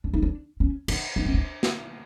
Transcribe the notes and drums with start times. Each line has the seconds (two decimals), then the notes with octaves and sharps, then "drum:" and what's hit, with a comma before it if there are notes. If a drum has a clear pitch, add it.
0.04 D4
0.14 D#4
0.22 D4
0.60 C#4
0.88 D4, drum: cymbal
1.16 D4
1.25 C#4
1.34 D4
1.63 drum: snare